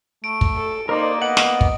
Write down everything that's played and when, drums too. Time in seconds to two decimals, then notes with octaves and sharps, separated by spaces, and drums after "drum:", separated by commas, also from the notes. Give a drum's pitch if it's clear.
0.24 A3 D7
0.41 drum: kick
0.56 A4
0.89 A#3 D#4 A#4 C5 D5
1.22 B3 D#5 F#5 F#7
1.37 drum: snare
1.61 drum: kick